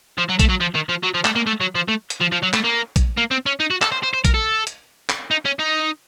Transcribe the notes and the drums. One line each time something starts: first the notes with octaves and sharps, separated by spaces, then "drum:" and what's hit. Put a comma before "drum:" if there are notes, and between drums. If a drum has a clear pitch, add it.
F3
F#3
A3, drum: kick, hi-hat
F#3
F3
D#3
F3
F#3
F3
A3, drum: clap
A#3
A3
F#3
F3
A3
drum: hi-hat
F3
F3
F#3
A3, drum: clap
A#3
drum: kick, hi-hat
A#3
C4
C#4
D#4
F#4
A4, drum: clap
C5
C5
C5
A#4, drum: kick, hi-hat
A4
drum: hi-hat
drum: clap
D#4
C#4
D#4